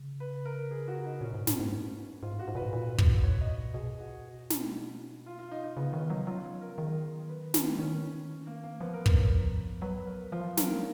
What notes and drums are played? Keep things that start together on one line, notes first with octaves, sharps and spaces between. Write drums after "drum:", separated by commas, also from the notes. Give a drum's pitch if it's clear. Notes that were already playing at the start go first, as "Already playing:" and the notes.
Already playing: C#3
B4
A#4
G#4
F#4
D#4
A#2 C#4
G#2
G#2, drum: snare
G#2
G#2 F4
F#4
G#2
A#2 B4
G#2
A#2
drum: kick
C#5
D#5
B2 G#4
F#4
drum: snare
F4
F4
D#4
D#4
C#3 B3
D#3 C#4
F#3 D#4
F#3 F4
C#5
A#4
D#3 G#4
B4
drum: snare
D#3 C#4
A#3
A#3
F3 B3
A#4
B4, drum: kick
C#5
B4
F#3 B4
A#4
F3 F4
F#3 A#4, drum: snare